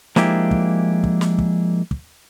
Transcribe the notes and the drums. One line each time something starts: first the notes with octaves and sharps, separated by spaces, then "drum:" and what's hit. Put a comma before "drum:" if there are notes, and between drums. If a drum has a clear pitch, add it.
F3 G#3 A#3 D4 E4 G4, drum: snare
drum: kick
drum: kick
drum: snare
drum: kick
drum: kick